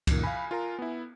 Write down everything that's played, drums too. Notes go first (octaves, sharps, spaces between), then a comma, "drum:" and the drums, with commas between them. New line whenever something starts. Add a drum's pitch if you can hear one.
F#2 A#2 D#3, drum: kick C#2, cymbal
F5 G#5 B5
F4 A#4 A#5
B3 E4